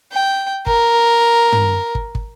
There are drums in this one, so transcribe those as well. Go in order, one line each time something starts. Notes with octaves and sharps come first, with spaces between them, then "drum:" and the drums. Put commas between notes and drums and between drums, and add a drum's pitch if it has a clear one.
G5
A#4, drum: kick
drum: tom
drum: kick
drum: kick